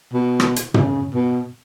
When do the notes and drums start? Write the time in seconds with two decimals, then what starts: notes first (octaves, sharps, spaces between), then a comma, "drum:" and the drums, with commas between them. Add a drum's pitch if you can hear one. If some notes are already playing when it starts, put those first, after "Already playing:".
0.13 B2
0.40 drum: rim click
0.56 drum: hi-hat
0.74 C#3, drum: tom
1.14 B2